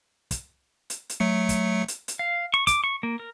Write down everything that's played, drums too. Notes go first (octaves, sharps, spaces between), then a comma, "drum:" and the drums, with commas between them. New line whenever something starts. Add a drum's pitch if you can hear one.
drum: kick, hi-hat
drum: hi-hat
drum: hi-hat
F#3 A3 C#7
drum: kick, hi-hat
drum: hi-hat
drum: hi-hat
F5
C#6
D6, drum: kick, hi-hat
C#6
A#3
A#4